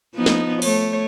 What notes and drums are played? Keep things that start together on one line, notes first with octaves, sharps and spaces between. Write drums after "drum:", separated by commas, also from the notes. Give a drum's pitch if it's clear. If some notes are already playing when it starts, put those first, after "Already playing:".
F3 B3 D#4
drum: snare
A3 C#5, drum: open hi-hat